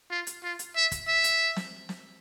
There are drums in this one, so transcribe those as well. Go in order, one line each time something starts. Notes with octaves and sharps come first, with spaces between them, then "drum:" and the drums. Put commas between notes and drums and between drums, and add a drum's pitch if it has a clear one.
F4
drum: hi-hat
F4
drum: hi-hat
E5
drum: kick, hi-hat
E5
drum: hi-hat
drum: snare
drum: snare